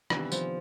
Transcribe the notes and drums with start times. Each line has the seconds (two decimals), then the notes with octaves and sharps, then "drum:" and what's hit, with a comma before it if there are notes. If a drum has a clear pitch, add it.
0.10 C3 D#3 E3 G3 B3 D4, drum: rim click
0.32 F3, drum: tambourine